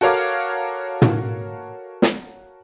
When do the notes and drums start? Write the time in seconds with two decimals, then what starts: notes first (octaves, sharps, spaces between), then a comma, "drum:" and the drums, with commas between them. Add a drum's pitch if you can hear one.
0.01 F#4 A4 A#4 C#5 F5 D6
1.02 drum: tom
2.02 drum: snare